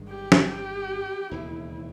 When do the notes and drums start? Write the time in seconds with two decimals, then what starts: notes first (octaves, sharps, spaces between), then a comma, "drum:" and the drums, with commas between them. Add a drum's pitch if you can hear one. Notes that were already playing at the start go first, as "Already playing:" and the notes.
Already playing: G1 G2 D#3 G#3
0.08 G4
0.32 drum: snare
0.49 G4
1.31 E1 D#2 C#3 E4